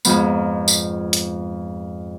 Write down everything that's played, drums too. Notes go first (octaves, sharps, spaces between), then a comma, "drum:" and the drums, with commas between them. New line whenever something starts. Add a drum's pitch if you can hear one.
F2 G#2 F3 B3, drum: tambourine
drum: tambourine
drum: hi-hat